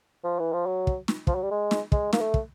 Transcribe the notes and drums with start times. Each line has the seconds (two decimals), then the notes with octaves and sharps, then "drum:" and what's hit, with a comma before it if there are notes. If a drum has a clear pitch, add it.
0.24 F3
0.39 E3
0.53 F3
0.66 F#3
0.87 drum: kick
1.08 drum: snare
1.27 F3, drum: kick
1.35 F#3
1.43 G3
1.51 G#3
1.71 drum: snare
1.92 G#3, drum: kick
2.13 A#3, drum: snare
2.20 A3
2.34 drum: kick